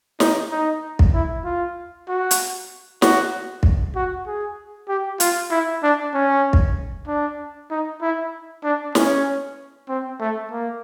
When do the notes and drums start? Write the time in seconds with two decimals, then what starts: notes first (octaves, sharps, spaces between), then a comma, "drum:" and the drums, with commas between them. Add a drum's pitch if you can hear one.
0.20 D#4, drum: snare
0.52 D#4
0.99 drum: kick
1.14 E4
1.45 F4
2.08 F#4
2.31 drum: hi-hat
3.02 F#4, drum: snare
3.63 drum: kick
3.95 F#4
4.27 G#4
4.89 G4
5.20 F4, drum: hi-hat
5.51 E4
5.83 D4
6.14 C#4
6.53 drum: kick
7.07 D4
7.71 D#4
8.02 E4
8.64 D4
8.95 C#4, drum: snare
9.89 C4
10.20 A3
10.51 A#3